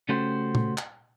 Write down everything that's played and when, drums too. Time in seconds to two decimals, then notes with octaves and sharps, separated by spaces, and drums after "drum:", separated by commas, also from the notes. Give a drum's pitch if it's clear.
0.09 C#3 A3 C#4 F#4 G4 C5
0.55 drum: tom A#2
0.78 drum: clap